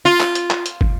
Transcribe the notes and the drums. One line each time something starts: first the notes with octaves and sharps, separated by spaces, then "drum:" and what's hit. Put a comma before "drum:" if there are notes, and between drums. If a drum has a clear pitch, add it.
F4
drum: clap
drum: hi-hat
drum: clap
drum: hi-hat
drum: kick